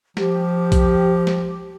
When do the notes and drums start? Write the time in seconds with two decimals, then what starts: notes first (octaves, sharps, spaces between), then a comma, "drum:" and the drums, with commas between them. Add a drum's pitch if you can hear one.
0.17 F3 G4, drum: snare
0.72 drum: kick B1, hi-hat
1.27 drum: snare